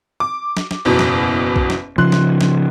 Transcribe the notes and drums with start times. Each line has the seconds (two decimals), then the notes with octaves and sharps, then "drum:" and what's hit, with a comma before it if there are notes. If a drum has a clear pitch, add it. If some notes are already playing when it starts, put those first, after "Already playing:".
0.20 D6
0.57 drum: snare
0.71 drum: snare
0.85 F#1 E2 B2
0.99 drum: snare
1.56 drum: kick A#1
1.70 drum: snare
1.98 C#3 F3 C6 F#6
2.12 drum: snare
2.41 drum: snare